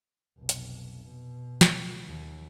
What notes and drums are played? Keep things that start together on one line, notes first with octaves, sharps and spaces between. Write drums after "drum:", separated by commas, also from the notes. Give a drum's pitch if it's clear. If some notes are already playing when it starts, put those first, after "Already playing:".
F1 B1
drum: hi-hat
B2
drum: snare
D#2